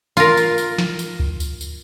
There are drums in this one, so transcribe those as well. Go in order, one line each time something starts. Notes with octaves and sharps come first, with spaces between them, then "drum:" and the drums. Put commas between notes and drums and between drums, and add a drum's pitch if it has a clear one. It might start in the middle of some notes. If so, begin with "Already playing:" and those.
F4 A#4, drum: tambourine
drum: tambourine
drum: tambourine
drum: snare
drum: tambourine
drum: kick C#2
drum: tambourine
drum: tambourine